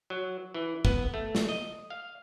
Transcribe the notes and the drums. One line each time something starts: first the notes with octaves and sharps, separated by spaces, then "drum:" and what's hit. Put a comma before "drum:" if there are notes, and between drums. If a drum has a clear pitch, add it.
F#3
E3
B3, drum: kick
A3
drum: snare
D#5
F5